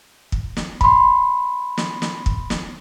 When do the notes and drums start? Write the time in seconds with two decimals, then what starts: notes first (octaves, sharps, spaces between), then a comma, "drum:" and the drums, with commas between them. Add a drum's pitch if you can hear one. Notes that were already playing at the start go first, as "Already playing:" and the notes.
0.32 drum: kick
0.57 drum: snare
0.81 B5 C6, drum: kick
1.78 drum: snare
2.02 drum: snare
2.26 drum: kick
2.50 drum: snare